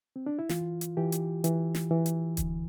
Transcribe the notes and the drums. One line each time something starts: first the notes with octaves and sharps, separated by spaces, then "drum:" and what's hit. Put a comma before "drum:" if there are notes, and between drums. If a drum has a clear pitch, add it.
C4
D4
E4
E3 F4, drum: snare
drum: hi-hat
E3 G4
drum: hi-hat
E3, drum: hi-hat
drum: snare
E3
drum: hi-hat
D2, drum: kick D#1, hi-hat